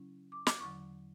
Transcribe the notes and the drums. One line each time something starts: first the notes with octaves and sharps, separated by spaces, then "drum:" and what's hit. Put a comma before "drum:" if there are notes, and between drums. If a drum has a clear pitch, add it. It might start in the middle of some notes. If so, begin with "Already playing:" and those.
Already playing: C#3 F#3 C#4 E4
D6
D6, drum: snare
E2 D3 F#3 C#6